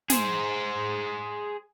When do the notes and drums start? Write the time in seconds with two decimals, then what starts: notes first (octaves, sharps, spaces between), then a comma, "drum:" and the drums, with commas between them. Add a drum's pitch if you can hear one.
0.10 G#4 C5, drum: snare